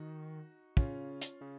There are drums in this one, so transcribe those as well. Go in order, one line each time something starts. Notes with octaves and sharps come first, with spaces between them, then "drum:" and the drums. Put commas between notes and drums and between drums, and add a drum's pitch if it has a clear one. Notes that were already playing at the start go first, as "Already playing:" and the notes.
Already playing: D#3 D#4 F#4
C#3 C#4 F4, drum: kick
drum: hi-hat
C#3